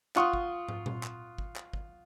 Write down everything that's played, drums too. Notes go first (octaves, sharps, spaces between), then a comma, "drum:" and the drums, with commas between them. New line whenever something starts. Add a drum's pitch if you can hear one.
F4 F#5 C6 C#6 D#6, drum: clap
drum: kick
drum: tom
drum: tom A#2
drum: clap
drum: kick
drum: clap
drum: kick